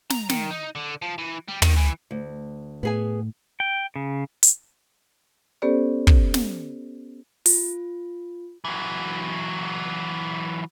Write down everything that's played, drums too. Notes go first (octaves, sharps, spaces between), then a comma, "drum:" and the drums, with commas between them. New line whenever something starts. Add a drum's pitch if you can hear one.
A#5, drum: snare
D#3, drum: snare
D#4
D3
F3
E3
G3
D#3, drum: tom
E3
D2
A2 B3 G#4 G#5
G5
C#3
drum: hi-hat
B3 C#4 G4 A4 C5 D5
drum: kick
drum: snare
F4, drum: open hi-hat
E3 F#3